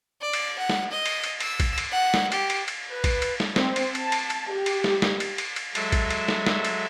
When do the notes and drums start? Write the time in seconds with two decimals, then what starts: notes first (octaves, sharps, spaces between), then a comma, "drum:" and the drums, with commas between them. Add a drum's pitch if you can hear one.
0.21 D5
0.33 drum: cymbal
0.58 F#5
0.69 drum: snare
0.91 D#5
1.06 drum: cymbal
1.24 drum: cymbal
1.40 E6, drum: cymbal
1.60 drum: kick, cymbal
1.78 drum: cymbal
1.92 F#5
2.14 drum: snare
2.32 G4, drum: cymbal
2.50 drum: cymbal
2.68 drum: cymbal
2.90 B4
3.04 drum: kick, cymbal
3.22 drum: cymbal
3.40 drum: snare
3.56 C4, drum: snare
3.76 drum: cymbal
3.95 A5, drum: cymbal
4.12 drum: cymbal
4.30 drum: cymbal
4.52 G4
4.66 drum: cymbal
4.84 drum: snare
5.02 drum: snare
5.20 drum: cymbal
5.38 drum: cymbal
5.56 drum: cymbal
5.75 F#3 G#3 A4 E5, drum: cymbal
5.92 drum: kick, cymbal
6.10 drum: cymbal
6.28 drum: snare
6.46 drum: snare
6.65 drum: cymbal